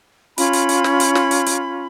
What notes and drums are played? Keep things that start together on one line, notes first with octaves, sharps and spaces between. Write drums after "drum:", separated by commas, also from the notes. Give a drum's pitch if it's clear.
C#4 F4 B5, drum: hi-hat
drum: hi-hat
drum: hi-hat
drum: snare
drum: hi-hat
drum: snare
drum: hi-hat
drum: hi-hat